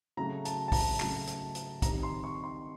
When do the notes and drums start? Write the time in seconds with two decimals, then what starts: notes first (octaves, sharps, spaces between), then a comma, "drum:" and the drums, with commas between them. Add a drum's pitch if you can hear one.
0.17 C#3 F#3 A3 A#5
0.45 A5, drum: hi-hat
0.68 A5
0.72 A#5, drum: kick, open hi-hat
1.00 C#3 F#3 A3, drum: clap
1.27 drum: hi-hat
1.55 drum: hi-hat
1.82 D#3 G3 C4 A#5, drum: kick, hi-hat
2.03 C6
2.24 C#6
2.44 C6